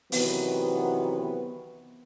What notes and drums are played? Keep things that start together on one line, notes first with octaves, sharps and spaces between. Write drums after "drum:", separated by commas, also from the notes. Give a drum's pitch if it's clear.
C3 D#3 E3 F#3 B3, drum: open hi-hat